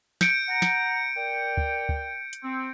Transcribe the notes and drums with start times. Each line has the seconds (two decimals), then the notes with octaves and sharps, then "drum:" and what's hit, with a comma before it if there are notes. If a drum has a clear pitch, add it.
0.21 G6 C#7 D7, drum: snare
0.48 F#5 A#5
0.62 drum: snare
1.17 A#4 D5 G5
1.57 drum: kick
1.89 drum: kick
2.33 drum: hi-hat
2.43 C4